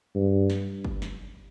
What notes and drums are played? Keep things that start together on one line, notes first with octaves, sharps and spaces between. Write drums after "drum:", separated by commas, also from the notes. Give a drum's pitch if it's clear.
G2
drum: snare
drum: kick
drum: snare